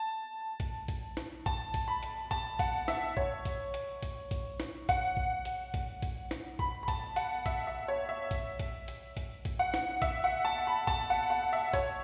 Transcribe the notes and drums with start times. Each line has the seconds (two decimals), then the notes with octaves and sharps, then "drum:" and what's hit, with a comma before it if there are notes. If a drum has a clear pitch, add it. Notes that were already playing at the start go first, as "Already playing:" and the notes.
Already playing: A5
0.60 drum: kick A#1, hi-hat
0.88 drum: kick A#1, hi-hat
1.17 drum: snare
1.46 A5, drum: kick A#1, hi-hat
1.74 drum: kick A#1, hi-hat
1.88 B5
2.03 drum: hi-hat
2.31 A5, drum: kick A#1, hi-hat
2.59 F#5, drum: kick A#1, hi-hat
2.88 E5, drum: snare
3.17 C#5, drum: kick A#1
3.45 drum: kick A#1, hi-hat
3.74 drum: hi-hat
4.03 drum: kick A#1, hi-hat
4.31 drum: kick A#1, hi-hat
4.60 drum: snare
4.89 F#5, drum: kick A#1, hi-hat
5.17 drum: kick A#1
5.45 drum: hi-hat
5.74 drum: kick A#1, hi-hat
6.02 drum: kick A#1, hi-hat
6.31 drum: snare
6.59 B5, drum: kick A#1
6.83 B5
6.88 A5, drum: kick A#1, hi-hat
7.16 F#5, drum: hi-hat
7.46 E5, drum: kick A#1, hi-hat
7.67 E5
7.88 C#5
8.09 E5
8.31 drum: kick A#1, hi-hat
8.59 drum: kick A#1, hi-hat
8.88 drum: hi-hat
9.17 drum: kick A#1, hi-hat
9.45 drum: kick A#1, hi-hat
9.59 F#5
9.74 drum: snare
10.02 E5, drum: kick A#1, hi-hat
10.24 F#5
10.45 A5
10.67 B5
10.87 A5, drum: kick A#1, hi-hat
11.10 F#5
11.30 F#5
11.53 E5
11.73 C#5, drum: kick A#1, hi-hat